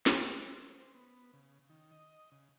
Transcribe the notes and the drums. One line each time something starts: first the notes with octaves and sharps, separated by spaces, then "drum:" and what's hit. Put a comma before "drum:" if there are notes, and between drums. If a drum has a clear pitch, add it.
drum: snare
C5, drum: hi-hat
C#5
C5
B3
C#3
D#3
D#5
C#3